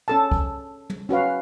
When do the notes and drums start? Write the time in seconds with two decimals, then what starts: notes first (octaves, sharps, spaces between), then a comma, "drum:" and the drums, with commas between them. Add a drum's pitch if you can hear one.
0.08 C#4 A4 A5
0.32 drum: kick
0.90 drum: tom
1.09 C#4 F#4 B4 F5